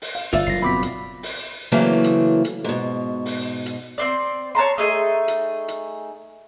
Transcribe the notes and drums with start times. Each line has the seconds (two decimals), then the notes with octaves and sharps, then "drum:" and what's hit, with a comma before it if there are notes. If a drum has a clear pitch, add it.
0.02 drum: open hi-hat
0.15 F5
0.33 G1 F4 D5 E5
0.47 F#1 G2 A#6 C7
0.62 B2 C4 B5 D6 B6
0.83 drum: hi-hat
1.23 drum: open hi-hat
1.72 C#3 E3 F#3 A3 A#3 C4
2.04 drum: hi-hat
2.45 drum: hi-hat
2.64 G#2 B2
3.26 drum: open hi-hat
3.66 drum: hi-hat
3.98 C4 C5 D5
4.55 C#5 A5 A#5 C6
4.78 A3 D#4 G#4 D#5
5.28 drum: hi-hat
5.68 drum: hi-hat